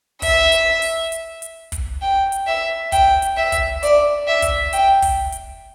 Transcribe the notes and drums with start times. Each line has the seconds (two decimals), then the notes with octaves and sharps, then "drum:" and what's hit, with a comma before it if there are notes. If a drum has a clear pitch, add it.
0.22 E5, drum: kick, open hi-hat
0.52 drum: hi-hat
0.82 drum: open hi-hat
1.12 drum: hi-hat
1.42 drum: hi-hat
1.72 drum: kick, hi-hat
2.02 G5
2.32 drum: hi-hat
2.47 E5
2.92 G5, drum: kick, hi-hat
3.22 drum: hi-hat
3.37 E5
3.52 drum: kick, hi-hat
3.83 D5, drum: hi-hat
4.27 E5
4.42 drum: kick, hi-hat
4.73 G5, drum: hi-hat
5.02 drum: kick, open hi-hat
5.32 drum: hi-hat